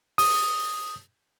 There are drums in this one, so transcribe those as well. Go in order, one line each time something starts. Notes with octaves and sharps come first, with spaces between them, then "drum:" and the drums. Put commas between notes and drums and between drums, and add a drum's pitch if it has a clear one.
D#6, drum: open hi-hat